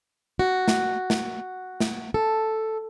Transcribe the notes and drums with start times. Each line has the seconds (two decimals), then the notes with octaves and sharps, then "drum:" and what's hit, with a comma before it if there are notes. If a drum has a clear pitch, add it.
0.39 F#4
0.68 drum: snare
1.10 drum: snare
1.80 drum: snare
2.14 A4